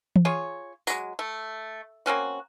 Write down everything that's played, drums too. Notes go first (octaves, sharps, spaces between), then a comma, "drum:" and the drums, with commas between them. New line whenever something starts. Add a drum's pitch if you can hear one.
drum: tom E3
F4 G#4 C#5
F#3 G#3, drum: tambourine
A3
A#3 C4 C#4 F#4